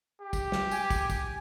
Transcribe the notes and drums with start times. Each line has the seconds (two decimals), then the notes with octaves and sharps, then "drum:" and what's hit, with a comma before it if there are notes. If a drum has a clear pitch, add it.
0.22 G4
0.33 drum: kick, tambourine
0.52 drum: snare
0.71 G#5, drum: tambourine
0.90 drum: kick, tambourine
1.10 drum: kick, tambourine